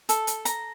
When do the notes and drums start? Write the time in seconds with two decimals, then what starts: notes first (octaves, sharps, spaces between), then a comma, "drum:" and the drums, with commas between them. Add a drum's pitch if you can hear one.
0.09 A4, drum: hi-hat
0.27 drum: hi-hat
0.45 A#5, drum: hi-hat